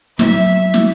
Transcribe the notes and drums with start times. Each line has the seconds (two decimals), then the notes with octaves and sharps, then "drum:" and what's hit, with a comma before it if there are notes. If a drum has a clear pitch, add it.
0.19 F#3 E5, drum: snare
0.74 drum: snare